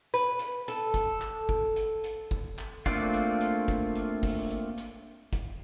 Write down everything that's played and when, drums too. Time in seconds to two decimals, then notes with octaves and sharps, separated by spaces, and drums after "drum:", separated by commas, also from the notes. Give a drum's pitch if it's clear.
0.14 B4
0.39 drum: hi-hat
0.68 A4, drum: hi-hat
0.94 drum: kick, hi-hat
1.21 drum: clap
1.49 drum: kick
1.76 drum: hi-hat
2.04 drum: hi-hat
2.31 drum: kick
2.59 drum: clap
2.86 A3 A#3 C4 D4 F4, drum: kick, hi-hat
3.13 drum: hi-hat
3.41 drum: hi-hat
3.68 drum: kick, hi-hat
3.96 drum: hi-hat
4.23 drum: kick, open hi-hat
4.50 drum: hi-hat
4.78 drum: hi-hat
5.33 drum: kick, hi-hat